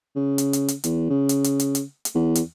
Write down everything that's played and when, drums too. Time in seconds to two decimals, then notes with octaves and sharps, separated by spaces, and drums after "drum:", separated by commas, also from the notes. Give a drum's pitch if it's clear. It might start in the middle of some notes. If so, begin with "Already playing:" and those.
0.16 C#3
0.38 drum: hi-hat
0.53 drum: hi-hat
0.68 drum: hi-hat
0.84 E2, drum: hi-hat
1.10 C#3
1.29 drum: hi-hat
1.44 drum: hi-hat
1.60 drum: hi-hat
1.75 drum: hi-hat
2.05 drum: hi-hat
2.15 E2
2.35 drum: hi-hat